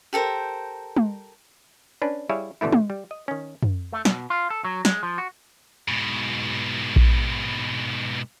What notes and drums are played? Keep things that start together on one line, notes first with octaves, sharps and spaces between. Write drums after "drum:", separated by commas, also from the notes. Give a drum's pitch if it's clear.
G4 A4 A#4 C5
drum: tom
C#4 D4 B4
G3 E4 G#4 C#5 E5 F5
B2 D3 E3 A3 E4
drum: tom
G3
D#5
D#3 C#4
drum: tom
A3
B2, drum: snare
F4
A4
F#3
G#3, drum: snare
F3
F#4
G#2 B2
drum: kick A#1